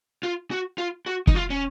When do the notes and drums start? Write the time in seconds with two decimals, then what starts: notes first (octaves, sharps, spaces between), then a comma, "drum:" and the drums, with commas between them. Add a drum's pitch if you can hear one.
0.23 F4
0.51 F#4
0.78 F4
1.06 F#4
1.27 D#4, drum: kick
1.35 F4
1.50 C#4